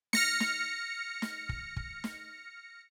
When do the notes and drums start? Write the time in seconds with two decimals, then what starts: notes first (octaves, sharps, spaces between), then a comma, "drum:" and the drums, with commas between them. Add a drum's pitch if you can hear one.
0.13 F6 A#6 C#7, drum: snare
0.40 drum: snare
1.22 drum: snare
1.49 drum: kick
1.76 drum: kick
2.04 drum: snare